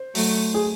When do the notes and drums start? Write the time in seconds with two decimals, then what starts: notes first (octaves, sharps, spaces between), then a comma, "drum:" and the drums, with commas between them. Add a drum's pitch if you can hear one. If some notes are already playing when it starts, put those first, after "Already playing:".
Already playing: C5
0.15 F#3 A3, drum: open hi-hat
0.54 G#4